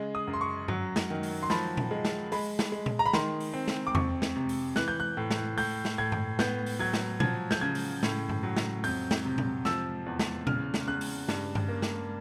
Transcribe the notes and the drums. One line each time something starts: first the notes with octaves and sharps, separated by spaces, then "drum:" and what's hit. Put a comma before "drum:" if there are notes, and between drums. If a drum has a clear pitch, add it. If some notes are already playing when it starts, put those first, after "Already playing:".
Already playing: C#3 G#3
D#6
F#2
C6
C#6
F#3, drum: tom G2
drum: snare
D#3
drum: open hi-hat
C6
F3 B5, drum: snare
drum: tom A#2
G#3
drum: snare
G#3 B5, drum: open hi-hat
drum: snare
G#3
drum: tom A#2
A#5
B5
D#3 C6, drum: snare
drum: open hi-hat
C4
drum: snare
D6
F2 C#6, drum: tom E2
drum: snare
C3
drum: open hi-hat
E3 F#6, drum: snare
G6
F#6
A2
drum: snare
A2 G6, drum: open hi-hat
drum: snare
A2 G#6
drum: tom G2
B3 G6, drum: snare
drum: open hi-hat
F#3 G#6
drum: snare
F3 G#6, drum: tom A#2
G6, drum: snare
C#3 G#6
drum: open hi-hat
A2, drum: snare
drum: tom G2
F#3
drum: snare
F2 G6, drum: open hi-hat
drum: snare
C3
drum: tom A#2
F3 E6, drum: snare
E2
drum: snare
C#3 F6, drum: tom A#2
drum: snare
C#3 F#6
drum: open hi-hat
G2, drum: snare
drum: tom G2
A#3
drum: snare